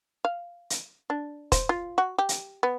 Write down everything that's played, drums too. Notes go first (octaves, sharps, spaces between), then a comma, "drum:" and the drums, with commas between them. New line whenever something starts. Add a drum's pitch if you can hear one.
F5
drum: hi-hat
D4
C5, drum: kick E1, hi-hat
F4
F#4
G4
drum: hi-hat
B3